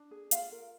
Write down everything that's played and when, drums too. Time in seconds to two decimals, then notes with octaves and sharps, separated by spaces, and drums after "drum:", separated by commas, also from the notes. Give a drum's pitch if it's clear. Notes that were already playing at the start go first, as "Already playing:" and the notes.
Already playing: D4
0.11 G#4
0.31 F4 F5, drum: hi-hat
0.52 A#4